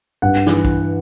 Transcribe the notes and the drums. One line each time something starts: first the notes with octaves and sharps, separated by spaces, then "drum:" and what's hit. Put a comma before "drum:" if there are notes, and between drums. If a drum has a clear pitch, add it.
G2 F#5
E3, drum: snare
drum: kick